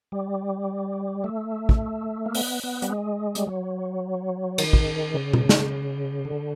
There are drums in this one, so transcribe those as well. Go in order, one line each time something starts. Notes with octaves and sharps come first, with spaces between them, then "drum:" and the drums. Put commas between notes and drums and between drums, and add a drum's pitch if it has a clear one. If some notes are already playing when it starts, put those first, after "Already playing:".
G3
A3
drum: kick
A#3
B3, drum: open hi-hat
B3
G3, drum: hi-hat
G#3
G3, drum: hi-hat
F#3
D#3, drum: cymbal
drum: kick
C#3
drum: tom B2
drum: snare
D3